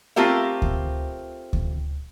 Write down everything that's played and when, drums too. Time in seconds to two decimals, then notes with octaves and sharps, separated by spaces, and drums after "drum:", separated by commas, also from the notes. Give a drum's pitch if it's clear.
0.16 A3 C4 F4 G4 A#4 E5
0.62 drum: kick D2
1.53 drum: kick D2